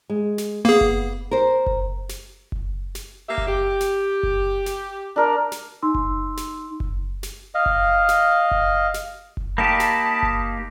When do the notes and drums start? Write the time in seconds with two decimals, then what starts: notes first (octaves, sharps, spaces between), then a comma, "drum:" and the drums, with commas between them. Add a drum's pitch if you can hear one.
0.10 G#3
0.38 drum: snare
0.65 A#3 B3 G#4
0.81 drum: kick F#1
1.31 A#4 C5
1.66 drum: kick F#1
2.09 drum: snare
2.52 drum: kick F#1
2.95 drum: snare
3.28 A#3 G4 E5
3.38 drum: kick F#1
3.47 G4 G5
3.81 drum: snare
4.23 drum: kick F#1
4.66 drum: snare
5.16 D4 A#4 D5
5.52 drum: snare
5.82 D#4 C6 E6
5.95 drum: kick F#1
6.37 drum: snare
6.80 drum: kick F#1
7.23 drum: snare
7.55 D#5 F5
7.66 drum: kick F#1
8.09 drum: snare
8.51 drum: kick F#1
8.94 drum: snare
9.37 drum: kick F#1
9.58 A#3 D#4 G4 A5 B5
9.80 drum: snare
10.23 drum: kick F#1